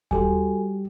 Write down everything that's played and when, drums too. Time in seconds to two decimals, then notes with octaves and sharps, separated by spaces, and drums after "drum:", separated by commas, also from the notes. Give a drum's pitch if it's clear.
0.11 G3 F#4 G4 A4 G#5, drum: kick D#2